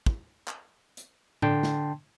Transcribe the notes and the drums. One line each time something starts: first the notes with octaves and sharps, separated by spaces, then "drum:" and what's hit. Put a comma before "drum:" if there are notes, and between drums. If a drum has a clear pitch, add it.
drum: kick
drum: clap
drum: hi-hat
D3 D4 G5 A5 C6, drum: tom A2
drum: snare